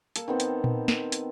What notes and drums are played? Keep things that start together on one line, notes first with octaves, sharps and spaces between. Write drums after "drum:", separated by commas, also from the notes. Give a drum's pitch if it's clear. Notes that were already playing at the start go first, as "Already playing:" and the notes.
A#3 A4, drum: hi-hat
D#3 B3 C4
drum: hi-hat
drum: tom A#2
drum: snare
drum: hi-hat